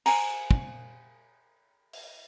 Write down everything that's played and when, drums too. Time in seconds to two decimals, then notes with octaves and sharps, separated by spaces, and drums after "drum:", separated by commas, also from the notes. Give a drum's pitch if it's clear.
0.06 C5 F5 G#5 A#5, drum: cymbal
0.51 drum: kick
1.93 drum: open hi-hat